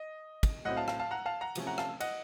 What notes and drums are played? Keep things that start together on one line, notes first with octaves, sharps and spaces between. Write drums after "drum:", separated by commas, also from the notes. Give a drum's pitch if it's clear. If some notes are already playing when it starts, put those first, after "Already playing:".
Already playing: D#5
drum: kick, cymbal
A2 F#3 C4 D#5 F#5
F5 A5
F5 A5, drum: rim click
F5 A5
F#5 A#5
F5 A5
F#5 A#5
C3 F3 A3 C#4, drum: cymbal
F#5 A#5
F5 A5, drum: rim click
D#5 F#5, drum: cymbal